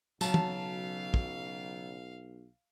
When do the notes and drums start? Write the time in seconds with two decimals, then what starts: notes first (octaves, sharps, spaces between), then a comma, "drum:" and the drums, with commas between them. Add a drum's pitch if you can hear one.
0.21 B1 C#3 F#3 F5 A5, drum: tambourine
0.34 drum: tom
1.14 drum: kick